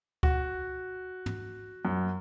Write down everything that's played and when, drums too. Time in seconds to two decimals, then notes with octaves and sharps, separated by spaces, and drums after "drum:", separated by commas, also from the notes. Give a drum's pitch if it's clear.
0.23 F#4, drum: kick C#2
1.26 drum: tom
1.85 F#2